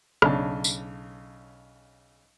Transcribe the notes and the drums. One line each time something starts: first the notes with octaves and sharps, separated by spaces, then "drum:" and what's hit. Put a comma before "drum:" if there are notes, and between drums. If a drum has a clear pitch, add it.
B1 C#3 D4 A5, drum: rim click
drum: tambourine